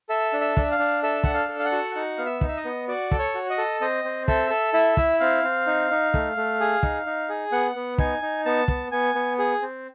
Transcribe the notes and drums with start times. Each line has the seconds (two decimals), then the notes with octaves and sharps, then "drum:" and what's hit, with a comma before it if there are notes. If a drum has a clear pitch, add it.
0.09 A4 E5
0.33 D4
0.41 E5
0.57 D4, drum: kick
0.71 F5
0.79 D4
1.03 A4 E5
1.24 D4 F#5, drum: kick
1.34 F5
1.49 A4
1.59 F5
1.65 F#5
1.72 F#4
1.95 D#4 F#5
2.18 B3 F5
2.26 E5
2.41 D#4, drum: kick
2.48 E5
2.57 D#5
2.65 B3
2.88 F#4 D5
3.11 A4, drum: kick
3.19 C#5
3.34 F#4
3.50 D#5
3.58 A4
3.81 C4 D#5
4.04 C4
4.28 A4 E5, drum: kick
4.50 A4
4.73 E4 E5
4.97 E4, drum: kick
5.20 C4 F5
5.44 C4
5.67 D#4
5.91 D#4
6.14 A3, drum: kick
6.37 A3
6.60 G#4
6.83 D#4, drum: kick
7.06 D#4
7.29 G#4
7.52 B3 F#5
7.75 B3
7.98 D#4 G#5, drum: kick
8.22 D#4
8.45 B3 A5
8.68 B3, drum: kick
8.91 B3 G#5
9.15 B3
9.39 G#4
9.62 C4